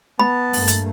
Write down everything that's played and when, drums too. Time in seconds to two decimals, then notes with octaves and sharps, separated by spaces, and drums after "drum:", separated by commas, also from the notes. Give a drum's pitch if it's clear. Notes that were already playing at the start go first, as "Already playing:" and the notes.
0.19 B3 A5 B5
0.53 G2 A3 A#3, drum: open hi-hat
0.67 drum: hi-hat